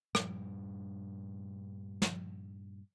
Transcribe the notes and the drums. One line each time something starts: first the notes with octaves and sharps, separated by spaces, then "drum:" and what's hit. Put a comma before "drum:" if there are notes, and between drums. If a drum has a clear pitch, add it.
G2 A#2 G3, drum: rim click
drum: snare